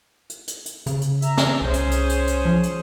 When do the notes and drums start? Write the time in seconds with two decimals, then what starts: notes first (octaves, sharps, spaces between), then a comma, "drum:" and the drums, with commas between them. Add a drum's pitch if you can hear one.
0.30 drum: hi-hat
0.48 drum: hi-hat
0.66 drum: hi-hat
0.86 C#3, drum: hi-hat
1.01 drum: hi-hat
1.22 E5 A#5, drum: hi-hat
1.37 drum: snare
1.61 C2 C#4 G#4 C5
1.73 drum: hi-hat
1.91 drum: hi-hat
2.09 drum: hi-hat
2.27 drum: hi-hat
2.45 F3
2.63 drum: hi-hat